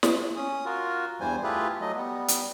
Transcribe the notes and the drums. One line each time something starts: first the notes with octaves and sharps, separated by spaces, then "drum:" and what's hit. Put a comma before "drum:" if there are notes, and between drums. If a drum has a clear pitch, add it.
drum: snare
C#4 D#6
F4 F#4 A#4
E2 G2 E3 G3 C5 G#5
A3 E4 F4 G4 G#4 B4
F#3 A3 D#5
G3 B3
drum: hi-hat